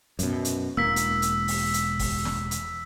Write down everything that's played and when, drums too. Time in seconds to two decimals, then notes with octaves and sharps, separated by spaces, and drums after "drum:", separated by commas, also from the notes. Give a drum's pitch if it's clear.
0.19 F#2 B2, drum: hi-hat
0.45 drum: hi-hat
0.77 E1 A#3 E6 B6
0.96 drum: hi-hat
1.22 drum: hi-hat
1.48 drum: open hi-hat
1.74 drum: hi-hat
1.99 drum: kick, open hi-hat
2.25 drum: snare
2.51 drum: hi-hat